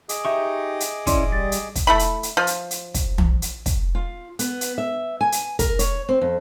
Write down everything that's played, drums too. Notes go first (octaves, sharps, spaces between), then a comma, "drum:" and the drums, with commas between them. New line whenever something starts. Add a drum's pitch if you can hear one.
G#4 D#5 D6, drum: hi-hat
D#4 G4 E5 C#6
drum: hi-hat
A1 C#4 E4 D5 C6, drum: kick, hi-hat
G3 A6
drum: hi-hat
drum: kick, hi-hat
A3 E4 B5
drum: hi-hat
drum: hi-hat
F3
drum: hi-hat
drum: hi-hat
drum: kick, hi-hat
drum: tom
drum: hi-hat
drum: kick, hi-hat
F4
B3, drum: hi-hat
drum: hi-hat
E5
G#5
drum: hi-hat
A#4, drum: kick, hi-hat
C#5, drum: hi-hat
C4
F2